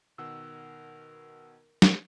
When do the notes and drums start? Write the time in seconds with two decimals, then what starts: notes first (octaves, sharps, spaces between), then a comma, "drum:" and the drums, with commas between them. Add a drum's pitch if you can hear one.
0.18 B2 D#3 A#4 F#5 E6
1.82 drum: snare